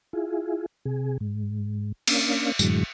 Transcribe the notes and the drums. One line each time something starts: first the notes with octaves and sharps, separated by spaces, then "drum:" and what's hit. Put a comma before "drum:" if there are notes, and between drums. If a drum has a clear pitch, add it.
E4 F4 G#4
C3 G#4
G#2
A#3 C#4 D4 F5, drum: cymbal
F#2 A2 D3 E3 F#3 G#3, drum: tambourine